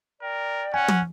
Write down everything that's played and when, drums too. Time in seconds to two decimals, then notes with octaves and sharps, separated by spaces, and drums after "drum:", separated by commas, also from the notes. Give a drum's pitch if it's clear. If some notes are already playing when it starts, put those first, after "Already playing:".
0.22 A#4 D5 G5
0.74 C#4 F#5 G#5
0.88 drum: tom